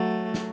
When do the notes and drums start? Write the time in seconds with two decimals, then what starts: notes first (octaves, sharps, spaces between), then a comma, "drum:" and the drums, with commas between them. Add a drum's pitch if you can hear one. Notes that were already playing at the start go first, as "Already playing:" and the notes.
Already playing: F#3 A3
0.34 drum: snare